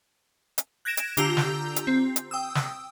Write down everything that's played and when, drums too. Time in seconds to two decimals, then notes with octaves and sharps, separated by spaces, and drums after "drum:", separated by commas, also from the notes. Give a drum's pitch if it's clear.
0.58 drum: hi-hat
0.85 F#6 G#6 A#6 D7 E7
0.97 drum: hi-hat
1.17 D3 F4 G4 A#5 E6 G6, drum: hi-hat
1.37 drum: snare
1.76 drum: hi-hat
1.87 C4
2.16 drum: hi-hat
2.31 G5 D#6 E6
2.55 drum: snare